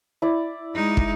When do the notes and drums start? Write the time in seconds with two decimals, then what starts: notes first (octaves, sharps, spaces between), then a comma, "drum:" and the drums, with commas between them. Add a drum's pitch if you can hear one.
0.22 E4 D5
0.75 G#3 D#4
0.97 drum: kick